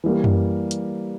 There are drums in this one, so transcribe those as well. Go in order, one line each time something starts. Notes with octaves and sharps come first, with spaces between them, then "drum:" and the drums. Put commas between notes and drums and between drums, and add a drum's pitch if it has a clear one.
E3 G3 A#3
drum: tom F#2
drum: hi-hat